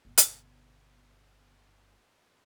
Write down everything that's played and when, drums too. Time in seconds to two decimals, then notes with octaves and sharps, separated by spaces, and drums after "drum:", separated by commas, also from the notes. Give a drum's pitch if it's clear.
0.05 G1 B2
0.18 drum: hi-hat